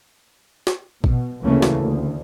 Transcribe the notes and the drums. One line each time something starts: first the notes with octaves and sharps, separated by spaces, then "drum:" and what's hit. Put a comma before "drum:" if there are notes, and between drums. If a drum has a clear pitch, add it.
drum: snare
B2, drum: kick
D2 C#3 E3 A3 A#3 C#4
drum: snare
D2